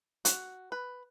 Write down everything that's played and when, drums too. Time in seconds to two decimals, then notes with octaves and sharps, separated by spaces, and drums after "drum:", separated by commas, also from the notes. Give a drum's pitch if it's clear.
0.25 F#4, drum: hi-hat
0.72 B4